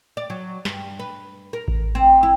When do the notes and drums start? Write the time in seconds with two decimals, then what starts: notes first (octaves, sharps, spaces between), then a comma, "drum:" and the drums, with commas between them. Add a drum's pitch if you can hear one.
0.17 D5
0.30 F#3
0.65 G2, drum: snare
0.99 B4
1.53 A#4
1.68 drum: kick A1
1.95 C4
2.23 E4